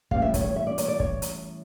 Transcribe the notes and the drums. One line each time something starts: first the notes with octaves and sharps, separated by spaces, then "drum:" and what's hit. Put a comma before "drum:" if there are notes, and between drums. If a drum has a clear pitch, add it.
A2 E3 G3 C#4 F5, drum: kick
E5
C#5, drum: kick, hi-hat
C#5
E5
D5
C#5, drum: hi-hat
D5
C#5, drum: kick
drum: hi-hat